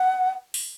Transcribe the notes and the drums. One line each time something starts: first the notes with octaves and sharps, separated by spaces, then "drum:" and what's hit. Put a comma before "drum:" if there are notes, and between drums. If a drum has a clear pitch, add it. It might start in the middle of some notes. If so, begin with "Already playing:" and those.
Already playing: F#5
drum: open hi-hat